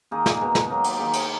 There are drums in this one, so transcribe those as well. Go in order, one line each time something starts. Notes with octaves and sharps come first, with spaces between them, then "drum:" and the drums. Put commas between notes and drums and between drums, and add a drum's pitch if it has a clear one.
D#3 A#3 D#4 G#4
drum: snare
B2 G#3 D#4
drum: snare
F#3 A#3 D#4
drum: cymbal
D#3 A#3 D#4 G#4
drum: cymbal